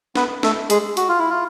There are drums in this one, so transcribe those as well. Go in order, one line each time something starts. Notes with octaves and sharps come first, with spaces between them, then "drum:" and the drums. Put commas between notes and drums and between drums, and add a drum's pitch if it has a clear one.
B3 B4, drum: snare
A3 A4, drum: snare
G#3 G#4, drum: hi-hat
F#4, drum: hi-hat
F4
E4
F4